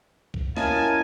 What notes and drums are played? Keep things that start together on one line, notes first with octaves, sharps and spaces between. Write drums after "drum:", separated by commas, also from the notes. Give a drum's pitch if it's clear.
drum: kick
C#4 E4 A#4 D#5 F5 G#5 A5, drum: snare